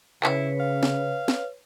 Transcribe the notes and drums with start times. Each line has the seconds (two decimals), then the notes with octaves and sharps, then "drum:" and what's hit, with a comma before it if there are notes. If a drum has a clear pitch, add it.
0.23 C#3 E4 B4 C#5, drum: clap
0.60 F5
0.83 drum: snare
1.28 drum: snare